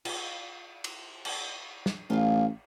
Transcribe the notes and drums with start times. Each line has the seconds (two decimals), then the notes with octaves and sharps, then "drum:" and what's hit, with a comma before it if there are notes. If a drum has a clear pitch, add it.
0.05 F4, drum: cymbal
0.84 drum: cymbal
1.25 drum: cymbal
1.86 drum: snare
2.10 A1 F4 F5